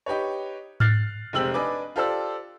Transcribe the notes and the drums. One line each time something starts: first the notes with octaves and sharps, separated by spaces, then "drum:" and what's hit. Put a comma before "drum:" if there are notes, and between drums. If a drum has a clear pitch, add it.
D#4 G4 B4 C#5
F6 F#6 A6 C7, drum: tom G#2
F1 G#3 C4 G4 E6 F#7
D4 D#4 B4 D#5 G#5 D6
F4 G4 A4 C5 D5 E6